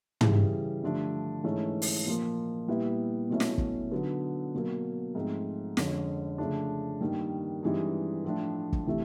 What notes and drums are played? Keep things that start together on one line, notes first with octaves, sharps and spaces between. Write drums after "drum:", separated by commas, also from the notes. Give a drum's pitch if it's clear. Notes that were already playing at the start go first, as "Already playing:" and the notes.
C#3 E3 G3, drum: tom
G2 D3 F3 A3 D4
G#2 E3 A3 C#4
drum: open hi-hat
A#2 F3 A#3
A#2 G3 B3 E4
B2 F#3 A3 C#4 E4
drum: snare
drum: kick
D3 F#3 B3 D#4
B2 F#3 A#3
G#2 F3 A3 C4
F2 D3 F3 G#3 C#4, drum: snare
C#3 F3 A3 D4
G2 D#3 G3 A#3
G2 E3 G#3 C4 D#4
A2 F3 A3 D4
drum: kick
C3 E3 A3